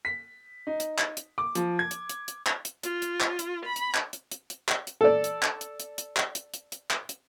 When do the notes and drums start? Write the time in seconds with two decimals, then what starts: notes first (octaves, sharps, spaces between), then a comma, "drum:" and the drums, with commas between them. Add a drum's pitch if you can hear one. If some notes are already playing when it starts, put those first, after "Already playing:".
0.05 B6
0.67 D#4
0.80 drum: hi-hat
0.98 drum: clap
1.17 drum: hi-hat
1.38 D6
1.55 F3, drum: hi-hat
1.79 G#6
1.91 drum: hi-hat
2.09 drum: hi-hat
2.28 drum: hi-hat
2.46 drum: clap
2.65 drum: hi-hat
2.83 F4, drum: hi-hat
3.02 drum: hi-hat
3.20 drum: clap
3.39 drum: hi-hat
3.66 B5
3.76 drum: hi-hat
3.95 drum: clap
4.13 drum: hi-hat
4.32 drum: hi-hat
4.50 drum: hi-hat
4.69 drum: clap
4.87 drum: hi-hat
5.01 A4 D5
5.24 drum: hi-hat
5.43 drum: clap
5.61 drum: hi-hat
5.80 drum: hi-hat
5.98 drum: hi-hat
6.17 drum: clap
6.35 drum: hi-hat
6.54 drum: hi-hat
6.72 drum: hi-hat
6.91 drum: clap
7.09 drum: hi-hat